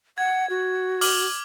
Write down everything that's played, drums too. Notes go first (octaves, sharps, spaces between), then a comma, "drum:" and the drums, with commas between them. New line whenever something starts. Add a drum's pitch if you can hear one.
F#5 G#6
F#4
D6 F6 F#7, drum: open hi-hat